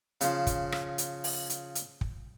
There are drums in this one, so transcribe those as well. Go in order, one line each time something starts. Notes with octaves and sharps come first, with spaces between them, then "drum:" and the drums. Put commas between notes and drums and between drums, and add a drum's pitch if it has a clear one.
C#3 F3, drum: hi-hat
drum: kick, hi-hat
drum: rim click
drum: hi-hat
drum: open hi-hat
drum: hi-hat
drum: hi-hat
drum: kick